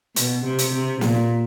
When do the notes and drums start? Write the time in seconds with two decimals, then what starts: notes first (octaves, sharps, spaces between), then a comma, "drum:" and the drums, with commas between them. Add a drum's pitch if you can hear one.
0.16 B2, drum: hi-hat
0.45 C3
0.59 drum: hi-hat
0.73 C3
1.01 A#2, drum: snare